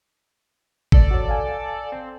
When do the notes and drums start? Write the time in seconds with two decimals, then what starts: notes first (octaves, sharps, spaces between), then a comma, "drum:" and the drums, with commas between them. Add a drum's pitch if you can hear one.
0.92 A4 D5, drum: kick G#1
1.11 F#4 C#5
1.29 F5 G#5
1.92 C4